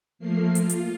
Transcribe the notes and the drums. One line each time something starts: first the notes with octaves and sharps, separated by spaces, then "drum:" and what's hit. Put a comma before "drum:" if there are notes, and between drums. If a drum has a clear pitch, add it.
F3 A3 A#3 C7
F4, drum: hi-hat
drum: hi-hat